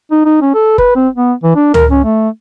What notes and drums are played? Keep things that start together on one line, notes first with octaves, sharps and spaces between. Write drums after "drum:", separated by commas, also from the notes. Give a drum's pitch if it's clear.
D#4
D#4
C#4
A4
B4, drum: kick
C4
B3
E3
D4
A#4, drum: tom C#2
C#4
A3